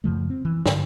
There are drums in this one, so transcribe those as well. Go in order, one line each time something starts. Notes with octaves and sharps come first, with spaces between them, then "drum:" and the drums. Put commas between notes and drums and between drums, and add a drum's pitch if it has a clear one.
F#2 C#3 F3 A3
C4
E3
G2 D3, drum: snare